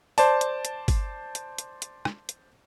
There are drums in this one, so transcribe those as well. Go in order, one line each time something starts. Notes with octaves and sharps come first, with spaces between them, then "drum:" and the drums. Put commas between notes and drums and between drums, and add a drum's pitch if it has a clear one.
C5 D5 A5, drum: open hi-hat
drum: hi-hat
drum: hi-hat
drum: kick G1, open hi-hat
drum: hi-hat
drum: hi-hat
drum: hi-hat
drum: rim click
drum: hi-hat